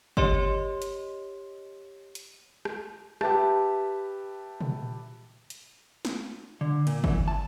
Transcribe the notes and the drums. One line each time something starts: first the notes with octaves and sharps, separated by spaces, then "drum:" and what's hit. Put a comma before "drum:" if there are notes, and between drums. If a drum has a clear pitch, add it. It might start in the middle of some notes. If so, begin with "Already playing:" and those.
G4 C#5 D#5 C6, drum: kick G1
drum: hi-hat
drum: hi-hat
drum: rim click
G4 B4 E5 A5, drum: rim click
drum: tom
drum: hi-hat
drum: snare
D3
A#2, drum: cymbal
E3, drum: kick G1
A5